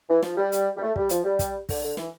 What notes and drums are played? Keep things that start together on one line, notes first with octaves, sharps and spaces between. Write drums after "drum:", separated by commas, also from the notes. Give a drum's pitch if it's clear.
E3
F3, drum: snare
G3
drum: hi-hat
G3
A3
G3, drum: kick
F3, drum: hi-hat
G3
drum: kick, hi-hat
D3, drum: kick, open hi-hat
D3
E3, drum: snare